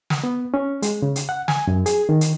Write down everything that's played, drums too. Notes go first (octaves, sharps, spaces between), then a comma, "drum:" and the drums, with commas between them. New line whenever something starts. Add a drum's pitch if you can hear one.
drum: snare
B3
C#4
G#3, drum: hi-hat
C#3
drum: hi-hat
F#5
G#5, drum: snare
F#2
G#4, drum: hi-hat
D#3
drum: hi-hat